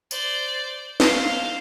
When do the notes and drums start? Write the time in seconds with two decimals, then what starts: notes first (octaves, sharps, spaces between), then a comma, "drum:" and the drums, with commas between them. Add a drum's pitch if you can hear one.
0.11 C5 D5, drum: tambourine
1.00 C5 F5, drum: snare